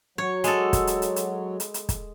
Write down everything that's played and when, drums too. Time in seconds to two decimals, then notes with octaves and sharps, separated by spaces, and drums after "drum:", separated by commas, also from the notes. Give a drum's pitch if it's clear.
0.18 F#3 C#5
0.44 G#3 A4, drum: hi-hat
0.73 drum: kick, hi-hat
0.87 drum: hi-hat
1.02 drum: hi-hat
1.16 drum: hi-hat
1.60 drum: hi-hat
1.74 drum: hi-hat
1.89 drum: kick, hi-hat